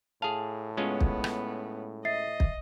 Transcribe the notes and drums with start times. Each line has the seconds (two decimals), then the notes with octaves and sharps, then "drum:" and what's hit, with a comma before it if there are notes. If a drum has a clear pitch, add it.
0.22 A2 G#4 F5 A5
0.77 G#3 B3 C#4 F4
1.01 drum: kick
1.24 drum: rim click
2.05 D#5 E5 A6 C7
2.40 drum: kick